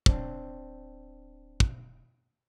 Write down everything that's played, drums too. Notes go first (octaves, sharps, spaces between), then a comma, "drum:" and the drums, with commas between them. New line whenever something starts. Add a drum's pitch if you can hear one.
D1 C4 D4, drum: kick
drum: kick